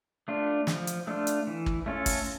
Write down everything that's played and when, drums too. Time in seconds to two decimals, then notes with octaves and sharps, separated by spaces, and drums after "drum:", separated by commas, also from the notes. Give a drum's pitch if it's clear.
0.28 A3 D4 F4
0.67 F3, drum: snare
0.87 drum: hi-hat
1.07 A3 D4 F4
1.27 drum: hi-hat
1.47 E3
1.66 drum: kick
1.86 A3 C#4 F4 A4
2.06 drum: kick, open hi-hat